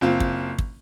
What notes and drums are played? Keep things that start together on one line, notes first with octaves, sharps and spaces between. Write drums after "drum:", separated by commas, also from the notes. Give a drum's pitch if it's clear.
F#1 C4 F4
drum: kick
drum: kick